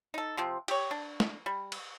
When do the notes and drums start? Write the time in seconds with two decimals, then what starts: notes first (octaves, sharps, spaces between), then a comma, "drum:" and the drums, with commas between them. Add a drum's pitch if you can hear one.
0.14 D#4 A4
0.37 C3 F3 C4
0.68 G4 C#5, drum: cymbal
0.91 D4
1.20 drum: snare
1.46 G3
1.72 drum: cymbal